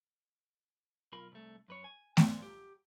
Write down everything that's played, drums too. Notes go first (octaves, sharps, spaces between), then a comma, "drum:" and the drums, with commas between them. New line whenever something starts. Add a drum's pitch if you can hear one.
B1 F4 A#4 B5
C2 A3
F#2 B4 C#5
G#5
B4 C5 D5 G#5, drum: snare A3
G4